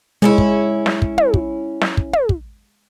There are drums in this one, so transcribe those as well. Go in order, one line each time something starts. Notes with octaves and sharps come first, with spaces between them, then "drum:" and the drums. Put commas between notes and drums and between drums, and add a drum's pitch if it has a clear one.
G#3 C#4 D#4 E4
drum: kick
drum: snare
drum: kick
drum: tom
drum: kick
drum: snare
drum: kick
drum: tom
drum: kick